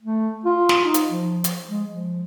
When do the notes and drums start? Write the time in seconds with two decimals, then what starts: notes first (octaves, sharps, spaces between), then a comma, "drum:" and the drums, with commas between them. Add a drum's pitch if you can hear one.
0.03 A3
0.45 F4
0.69 drum: snare
0.85 D#4
0.94 drum: hi-hat
1.09 F3
1.44 drum: hi-hat
1.69 G#3
1.91 F3